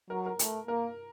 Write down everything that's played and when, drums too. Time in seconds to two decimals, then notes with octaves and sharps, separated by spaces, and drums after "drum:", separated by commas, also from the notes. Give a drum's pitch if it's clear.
0.10 F#3 A#4
0.26 A#4
0.39 A3, drum: hi-hat
0.68 A#3 A#4